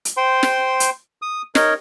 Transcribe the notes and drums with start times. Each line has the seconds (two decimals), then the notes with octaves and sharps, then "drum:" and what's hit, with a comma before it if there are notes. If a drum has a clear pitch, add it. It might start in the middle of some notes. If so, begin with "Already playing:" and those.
0.05 drum: hi-hat
0.17 C5 G5 C6
0.43 drum: snare
0.80 drum: hi-hat
1.22 D#6
1.55 D#4 A#4 C#5 D#5, drum: snare